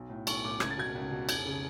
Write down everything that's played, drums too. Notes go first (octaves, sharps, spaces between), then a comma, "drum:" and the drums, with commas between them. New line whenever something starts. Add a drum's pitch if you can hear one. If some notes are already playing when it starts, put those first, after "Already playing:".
Already playing: B1
A2
B1 C#6, drum: cymbal
A2 D6
C#2 G#6, drum: rim click
A6
B2 G#6
C#2
B2
F1 G#6, drum: cymbal
C#3